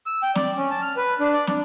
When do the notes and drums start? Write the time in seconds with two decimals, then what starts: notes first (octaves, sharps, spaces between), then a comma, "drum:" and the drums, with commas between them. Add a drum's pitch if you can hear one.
0.06 E6
0.23 G5
0.35 D5, drum: snare
0.57 C#4
0.70 A5
0.82 F6
0.97 B4
1.20 D4
1.34 D5
1.47 D4, drum: snare